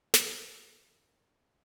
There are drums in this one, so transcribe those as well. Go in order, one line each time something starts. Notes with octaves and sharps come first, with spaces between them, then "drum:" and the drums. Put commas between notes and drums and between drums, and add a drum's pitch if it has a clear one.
F4 G4 G#4 F#5 G#5 C6, drum: snare